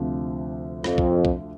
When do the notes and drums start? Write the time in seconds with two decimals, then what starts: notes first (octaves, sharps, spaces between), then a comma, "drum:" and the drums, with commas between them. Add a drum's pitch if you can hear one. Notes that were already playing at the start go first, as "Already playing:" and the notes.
Already playing: D2 C3 F3
0.84 F2, drum: rim click
0.98 drum: kick
1.25 drum: kick